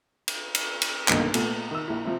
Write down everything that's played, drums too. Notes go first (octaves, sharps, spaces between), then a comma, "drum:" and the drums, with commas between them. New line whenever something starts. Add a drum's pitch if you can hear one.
drum: cymbal
drum: cymbal
drum: cymbal
B1 G2 B2 D3 D#3 A#3, drum: clap
A#2 A3 B3, drum: cymbal
D#3 E6
A#1 E4
C3 F3 C4